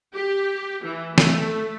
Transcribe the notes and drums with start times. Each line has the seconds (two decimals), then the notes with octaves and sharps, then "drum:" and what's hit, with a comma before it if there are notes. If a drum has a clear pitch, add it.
0.15 G4
0.84 E3
1.18 A3, drum: snare